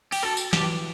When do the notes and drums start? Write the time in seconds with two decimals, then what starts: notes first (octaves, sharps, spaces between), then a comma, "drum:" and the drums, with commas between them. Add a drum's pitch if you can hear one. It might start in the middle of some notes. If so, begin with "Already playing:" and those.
0.12 G4, drum: cymbal
0.23 F#4 A4
0.37 drum: tambourine
0.53 E3 G4, drum: snare